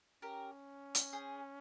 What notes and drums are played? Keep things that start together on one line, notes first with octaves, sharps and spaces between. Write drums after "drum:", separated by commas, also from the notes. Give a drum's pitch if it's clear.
C#4 G4 A#4
drum: hi-hat
G#4 C5